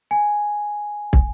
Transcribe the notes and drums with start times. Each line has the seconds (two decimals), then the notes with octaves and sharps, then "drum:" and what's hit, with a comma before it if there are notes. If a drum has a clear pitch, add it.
0.11 G#5
1.13 drum: kick